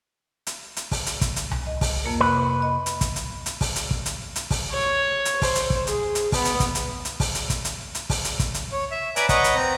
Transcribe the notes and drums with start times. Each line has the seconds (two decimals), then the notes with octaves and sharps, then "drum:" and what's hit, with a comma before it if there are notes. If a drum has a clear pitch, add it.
0.47 drum: hi-hat
0.77 drum: hi-hat
0.91 drum: kick, open hi-hat
1.06 drum: hi-hat
1.21 drum: kick, hi-hat
1.36 drum: hi-hat
1.51 drum: tom C2
1.66 D#5
1.81 drum: kick, open hi-hat
2.04 F2 A#3 A#4
2.20 C3 B4
2.62 D#5
2.86 drum: hi-hat
3.01 drum: kick, hi-hat
3.16 drum: hi-hat
3.46 drum: hi-hat
3.61 drum: kick, open hi-hat
3.76 drum: hi-hat
3.91 drum: kick
4.06 drum: hi-hat
4.36 drum: hi-hat
4.51 drum: kick, open hi-hat
4.72 C#5
5.25 drum: hi-hat
5.42 C5, drum: kick, open hi-hat
5.55 drum: hi-hat
5.70 drum: kick
5.87 G#4, drum: hi-hat
6.15 drum: hi-hat
6.32 B3, drum: kick, open hi-hat
6.45 drum: hi-hat
6.60 drum: kick, hi-hat
6.75 drum: hi-hat
7.05 drum: hi-hat
7.20 drum: kick, open hi-hat
7.35 drum: hi-hat
7.50 drum: kick, hi-hat
7.65 drum: hi-hat
7.95 drum: hi-hat
8.10 drum: kick, open hi-hat
8.25 drum: hi-hat
8.40 drum: kick, hi-hat
8.54 drum: hi-hat
8.72 C#5
8.91 E5
9.16 B4 D5 G#5 A#5 B5, drum: hi-hat
9.29 B4 C#5 D#5 F#5 A#5, drum: kick, hi-hat
9.44 drum: hi-hat
9.55 C4 A#5